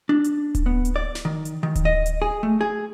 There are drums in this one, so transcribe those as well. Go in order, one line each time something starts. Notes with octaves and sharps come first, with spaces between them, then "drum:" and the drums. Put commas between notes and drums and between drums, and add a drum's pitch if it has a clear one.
D4
drum: hi-hat
drum: kick D1, hi-hat
B3
drum: hi-hat
D5
drum: snare
D#3
drum: hi-hat
D#3
drum: kick D1, hi-hat
D#5
drum: hi-hat
G#4
A3
G#4